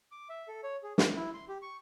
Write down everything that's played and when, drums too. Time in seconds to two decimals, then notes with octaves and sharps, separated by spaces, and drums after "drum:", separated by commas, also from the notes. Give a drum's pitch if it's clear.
0.12 D6
0.29 E5
0.48 A4
0.64 C#5
0.83 G#4
0.98 C6, drum: snare
1.16 E4
1.34 C6
1.48 G4
1.62 C#6